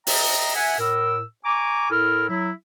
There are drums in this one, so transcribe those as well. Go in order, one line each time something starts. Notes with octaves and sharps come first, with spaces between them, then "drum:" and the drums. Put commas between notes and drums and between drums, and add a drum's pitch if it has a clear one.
D#5 E5 G5 A#5, drum: open hi-hat
E5 F#5 G#5
A2 A#4 E6
G#5 A#5 C#6 D6
A2 E4 A4 A#4 F6
F#3 E4